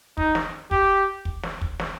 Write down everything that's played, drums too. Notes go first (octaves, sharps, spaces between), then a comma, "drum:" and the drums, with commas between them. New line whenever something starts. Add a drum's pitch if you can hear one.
D#4, drum: kick
drum: snare
G4, drum: kick
drum: kick
drum: snare
drum: kick
drum: snare